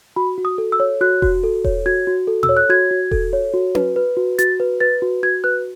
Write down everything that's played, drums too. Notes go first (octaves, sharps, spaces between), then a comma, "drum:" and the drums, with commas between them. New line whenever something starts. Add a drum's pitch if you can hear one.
F#4 B5
F#4
D#6
A4
E6
C#5
F#4 F#6
F#4, drum: kick E1
A4
C#5, drum: kick E1
F#4 G#6
F#4
A4
E6, drum: tom A#2
C#5
F#6
F#4 G#6
F#4
A4, drum: kick E1
C#5
F#4
B4, drum: tom C#4
B4
F#4
F#4 A6, drum: hi-hat
B4
B4 A6
F#4
F#4 G#6
B4 F#6